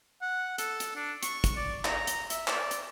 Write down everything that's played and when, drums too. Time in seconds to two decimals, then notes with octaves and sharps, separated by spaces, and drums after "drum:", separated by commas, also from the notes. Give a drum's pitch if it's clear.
0.22 F#5
0.58 A4, drum: hi-hat
0.80 drum: hi-hat
0.96 D4
1.23 C#6, drum: hi-hat
1.44 drum: kick, hi-hat
1.56 D5
1.85 A#5, drum: clap
2.07 drum: hi-hat
2.30 E5, drum: hi-hat
2.48 D5, drum: clap
2.71 drum: hi-hat